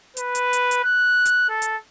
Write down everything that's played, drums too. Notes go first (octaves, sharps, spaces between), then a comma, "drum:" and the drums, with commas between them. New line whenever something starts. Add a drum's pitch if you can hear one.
B4, drum: hi-hat
drum: hi-hat
drum: hi-hat
drum: hi-hat
F#6
drum: hi-hat
A4
drum: hi-hat